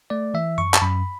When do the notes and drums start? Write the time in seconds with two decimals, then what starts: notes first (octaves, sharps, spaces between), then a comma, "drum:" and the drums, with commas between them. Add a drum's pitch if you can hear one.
0.10 A3 D5
0.34 E3 E5
0.58 F#2 C#6
0.74 A5, drum: clap
0.81 F#2 B5